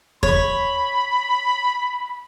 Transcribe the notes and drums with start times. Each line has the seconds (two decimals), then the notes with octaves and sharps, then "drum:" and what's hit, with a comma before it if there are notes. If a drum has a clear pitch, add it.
0.23 C#5 B5, drum: kick E2